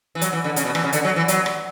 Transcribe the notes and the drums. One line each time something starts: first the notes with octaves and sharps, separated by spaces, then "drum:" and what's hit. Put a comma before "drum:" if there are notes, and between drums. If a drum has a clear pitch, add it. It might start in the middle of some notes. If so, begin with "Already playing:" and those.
E3
F#3, drum: hi-hat
E3
D3
C#3, drum: hi-hat
B2
E3, drum: rim click
C#3
D3, drum: hi-hat
F#3
E3
F#3, drum: hi-hat
drum: rim click